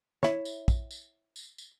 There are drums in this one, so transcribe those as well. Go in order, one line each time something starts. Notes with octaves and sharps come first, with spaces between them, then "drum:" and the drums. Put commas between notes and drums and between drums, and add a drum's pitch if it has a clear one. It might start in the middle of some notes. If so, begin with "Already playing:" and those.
E4 C#5, drum: snare
drum: tambourine
drum: kick, tambourine
drum: tambourine
drum: tambourine
drum: tambourine